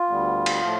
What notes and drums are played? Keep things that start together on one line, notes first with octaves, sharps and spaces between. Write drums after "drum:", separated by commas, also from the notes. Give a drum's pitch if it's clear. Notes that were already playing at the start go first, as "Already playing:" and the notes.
Already playing: F4
D2 D3 G3 B3
drum: cymbal
A2 F3 A3